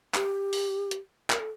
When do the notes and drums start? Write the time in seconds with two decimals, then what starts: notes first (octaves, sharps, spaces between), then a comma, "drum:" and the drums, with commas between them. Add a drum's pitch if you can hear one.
0.14 G4, drum: clap
0.53 drum: open hi-hat
0.91 drum: hi-hat
1.30 A#4, drum: clap
1.40 A4